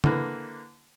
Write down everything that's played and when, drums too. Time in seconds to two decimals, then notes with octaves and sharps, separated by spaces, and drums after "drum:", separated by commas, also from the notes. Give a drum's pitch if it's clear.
0.04 D3 E3 A#3 B4, drum: tom